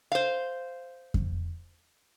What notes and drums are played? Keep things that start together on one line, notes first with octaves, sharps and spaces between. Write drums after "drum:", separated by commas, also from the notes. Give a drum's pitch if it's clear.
C5 F5
drum: kick F2